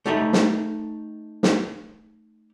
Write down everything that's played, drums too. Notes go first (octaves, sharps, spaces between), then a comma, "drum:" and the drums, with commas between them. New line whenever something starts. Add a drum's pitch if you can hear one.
A3 D#4 G4 A4 E5
drum: snare
drum: snare